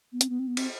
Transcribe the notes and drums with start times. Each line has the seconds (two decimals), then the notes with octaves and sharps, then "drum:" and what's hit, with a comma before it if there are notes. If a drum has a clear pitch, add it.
0.12 B3
0.21 C4, drum: hi-hat
0.29 B3
0.39 C4
0.48 B3
0.57 C4, drum: cymbal